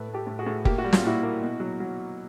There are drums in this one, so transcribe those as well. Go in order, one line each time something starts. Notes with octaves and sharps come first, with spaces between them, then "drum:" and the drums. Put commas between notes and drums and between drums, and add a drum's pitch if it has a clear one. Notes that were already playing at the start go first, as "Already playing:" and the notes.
Already playing: A2 A4 B4
A3
G4 A4
A2
F#4 G#4
A2
A#3 G4, drum: kick F#1
F#4
G3
F4, drum: snare
A#2 E4 F#4
A#3
B2
F#3
F#3